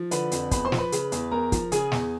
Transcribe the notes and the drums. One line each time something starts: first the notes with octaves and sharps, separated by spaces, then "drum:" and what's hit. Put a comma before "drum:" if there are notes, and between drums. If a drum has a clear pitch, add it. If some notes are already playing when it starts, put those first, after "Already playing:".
Already playing: F3
D3 B4 B5, drum: hi-hat
F2, drum: hi-hat
E2 B4 B5, drum: kick, hi-hat
C5 C6
F3, drum: snare
B4 B5
C#3, drum: hi-hat
E2, drum: hi-hat
E2 A#4 A#5
F3, drum: kick, hi-hat
C#3 G#4 G#5, drum: hi-hat
E2, drum: snare